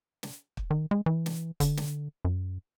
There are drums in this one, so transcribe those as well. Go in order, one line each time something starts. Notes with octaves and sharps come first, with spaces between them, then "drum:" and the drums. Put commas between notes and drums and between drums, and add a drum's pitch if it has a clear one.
drum: snare
drum: kick
D#3
G#3
E3
drum: snare
D3, drum: kick, hi-hat
drum: snare
F#2